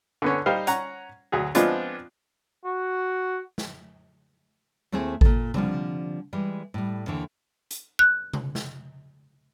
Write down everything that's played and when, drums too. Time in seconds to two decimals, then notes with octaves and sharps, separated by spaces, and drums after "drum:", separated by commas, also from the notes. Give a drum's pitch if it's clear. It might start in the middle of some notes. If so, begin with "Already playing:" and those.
0.22 D3 B3 C#4
0.46 G3 D#4 C5 F5
0.67 C#4 F#5 A#5, drum: hi-hat
1.32 D2 F#3 G#4
1.55 F3 G#3 B3 C4 D4 F4, drum: hi-hat
2.65 F#4
3.58 drum: snare
4.92 D#2 A3 C4 E4 G#4
5.21 A#2 A4, drum: kick G#1
5.54 D3 F3 G3 C4, drum: tom C3
6.33 E3 G3 G#3
6.74 A2 G3
7.07 D#2 D3 E3
7.71 drum: hi-hat
7.99 F#6
8.33 drum: tom C3
8.55 drum: snare